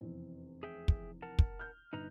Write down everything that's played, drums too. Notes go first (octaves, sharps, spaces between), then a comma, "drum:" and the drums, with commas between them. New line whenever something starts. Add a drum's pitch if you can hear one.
F1 E2 C4
G#4 E5 G5
drum: kick
A#4 F#5 A5
drum: kick
F6 G6
G1 D#4 B4 A#5